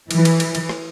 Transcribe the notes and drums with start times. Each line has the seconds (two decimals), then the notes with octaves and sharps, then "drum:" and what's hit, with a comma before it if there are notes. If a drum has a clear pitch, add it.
0.11 E3, drum: cymbal
0.25 drum: cymbal
0.40 drum: cymbal
0.55 drum: cymbal
0.69 drum: rim click